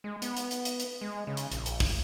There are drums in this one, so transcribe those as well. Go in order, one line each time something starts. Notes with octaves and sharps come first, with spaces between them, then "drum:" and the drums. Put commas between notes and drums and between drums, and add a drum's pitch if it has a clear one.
G#3
B3, drum: hi-hat
drum: hi-hat
drum: hi-hat
drum: hi-hat
drum: hi-hat
G#3
C#3
drum: hi-hat
A#1, drum: hi-hat
drum: hi-hat
drum: kick, open hi-hat